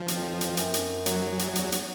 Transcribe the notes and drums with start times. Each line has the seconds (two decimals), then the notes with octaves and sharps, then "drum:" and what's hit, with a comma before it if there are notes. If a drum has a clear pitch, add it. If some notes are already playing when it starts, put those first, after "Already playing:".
Already playing: F3
0.08 F2, drum: hi-hat
0.41 drum: hi-hat
0.57 F#2, drum: hi-hat
0.74 drum: hi-hat
1.06 F#3, drum: hi-hat
1.39 drum: hi-hat
1.55 E2, drum: hi-hat
1.72 drum: hi-hat